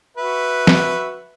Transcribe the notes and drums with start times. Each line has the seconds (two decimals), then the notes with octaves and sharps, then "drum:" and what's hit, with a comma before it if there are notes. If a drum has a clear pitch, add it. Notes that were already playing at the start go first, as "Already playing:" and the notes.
0.17 F#4 B4 E5
0.67 drum: snare